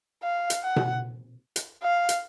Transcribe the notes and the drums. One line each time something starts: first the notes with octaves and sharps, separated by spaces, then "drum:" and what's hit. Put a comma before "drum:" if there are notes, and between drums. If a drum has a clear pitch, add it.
F5
drum: hi-hat
F#5
drum: tom B2
drum: hi-hat
F5
drum: hi-hat